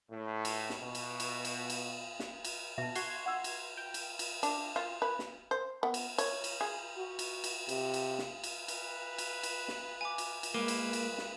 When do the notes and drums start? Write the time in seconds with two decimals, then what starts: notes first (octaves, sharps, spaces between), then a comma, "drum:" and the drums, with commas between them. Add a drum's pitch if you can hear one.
0.11 A2
0.45 drum: cymbal
0.70 drum: snare
0.79 B2
0.95 drum: cymbal
1.20 drum: cymbal
1.45 drum: cymbal
1.70 drum: cymbal
2.20 drum: snare
2.45 drum: cymbal
2.78 B2 E5 A5
2.95 F#4 C6 G#6, drum: cymbal
3.26 F#5 E6
3.44 drum: cymbal
3.77 G5
3.94 drum: cymbal
4.19 drum: cymbal
4.43 D4, drum: cymbal
4.76 F4
5.02 B4
5.19 drum: snare
5.51 C5
5.83 B3
5.94 drum: cymbal
6.18 C#5, drum: cymbal
6.44 drum: cymbal
6.61 G#4
6.97 F#4
7.19 drum: cymbal
7.44 drum: cymbal
7.69 C3, drum: cymbal
7.94 drum: cymbal
8.19 drum: snare
8.44 drum: cymbal
8.68 B4, drum: cymbal
9.18 drum: cymbal
9.43 drum: cymbal
9.68 drum: snare
10.01 G#5 D6
10.18 drum: cymbal
10.43 drum: cymbal
10.54 G#3 A#3 A#4 B4 D6 D#7
10.68 drum: cymbal
10.93 drum: cymbal
11.18 drum: snare